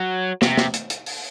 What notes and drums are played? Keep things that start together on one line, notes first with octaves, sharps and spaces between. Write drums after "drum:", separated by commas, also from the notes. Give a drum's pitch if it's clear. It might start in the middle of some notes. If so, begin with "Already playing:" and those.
Already playing: F#3
C3, drum: snare
drum: snare
drum: hi-hat
drum: hi-hat
drum: open hi-hat